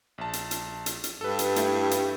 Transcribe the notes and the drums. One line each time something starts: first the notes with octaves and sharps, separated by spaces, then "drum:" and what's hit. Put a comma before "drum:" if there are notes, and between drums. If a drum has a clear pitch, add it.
A#1 A5
drum: hi-hat
drum: hi-hat
drum: hi-hat
drum: hi-hat
G2 A4 B4
drum: hi-hat
A3 E4, drum: hi-hat
drum: hi-hat